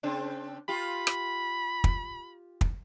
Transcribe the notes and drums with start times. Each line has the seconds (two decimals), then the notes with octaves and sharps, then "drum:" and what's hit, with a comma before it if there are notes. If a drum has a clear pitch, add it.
0.03 C#3 C4 D4
0.68 F4 G4 B5
1.07 drum: rim click
1.84 drum: kick
2.61 drum: kick